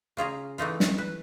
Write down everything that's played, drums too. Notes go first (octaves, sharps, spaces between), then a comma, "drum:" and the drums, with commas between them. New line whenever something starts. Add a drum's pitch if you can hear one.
C#3 F4 G#4 A#5
E3 A3 D#4 F4
drum: snare
B4